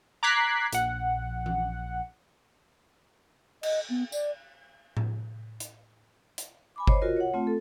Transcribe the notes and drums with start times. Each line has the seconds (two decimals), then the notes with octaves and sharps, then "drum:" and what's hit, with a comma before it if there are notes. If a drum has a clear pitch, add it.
0.23 A#5 D6 F#6 G#6 B6 C7
0.73 A#1 F#5, drum: hi-hat
1.46 drum: tom E3
3.63 D#5, drum: cymbal
3.90 B3
4.12 D5, drum: tambourine
4.97 drum: tom A2
5.60 drum: hi-hat
6.38 drum: hi-hat
6.76 G#5 B5 D6
6.87 C5 C#5 D#5, drum: kick G1
7.01 F4 F#4 A#4 D#5
7.17 C#5 F#5
7.34 A3 C4 F4
7.47 A4